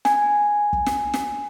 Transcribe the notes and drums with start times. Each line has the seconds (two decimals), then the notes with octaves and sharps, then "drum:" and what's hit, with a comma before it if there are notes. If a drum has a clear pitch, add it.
0.05 G#5, drum: snare
0.73 drum: kick
0.86 drum: snare
1.14 drum: snare